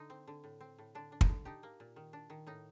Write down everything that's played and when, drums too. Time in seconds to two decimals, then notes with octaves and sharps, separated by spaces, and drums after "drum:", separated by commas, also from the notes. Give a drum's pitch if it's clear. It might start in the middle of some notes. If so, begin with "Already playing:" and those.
Already playing: D3 D#4
0.10 C4
0.27 D3
0.44 A2
0.60 C4
0.78 A2
0.95 D3 D4
1.12 D4
1.21 D#4, drum: kick
1.29 D3
1.45 D4 D#4 G4
1.63 A#3
1.80 A#2
1.96 D#3
2.13 D4
2.30 D#3
2.46 A2 D#4